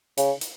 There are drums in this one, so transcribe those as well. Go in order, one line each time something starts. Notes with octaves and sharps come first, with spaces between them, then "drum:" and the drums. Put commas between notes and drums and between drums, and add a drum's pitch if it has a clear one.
C#3, drum: hi-hat
drum: hi-hat